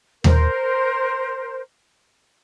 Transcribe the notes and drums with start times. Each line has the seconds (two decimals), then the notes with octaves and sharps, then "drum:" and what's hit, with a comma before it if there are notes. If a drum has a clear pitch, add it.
0.24 A#4 C5, drum: tom D#2